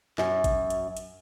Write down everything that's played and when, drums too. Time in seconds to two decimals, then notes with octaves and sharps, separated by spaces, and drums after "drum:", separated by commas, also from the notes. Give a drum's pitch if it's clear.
0.18 F#2, drum: snare
0.44 drum: kick, hi-hat
0.70 drum: hi-hat
0.97 drum: hi-hat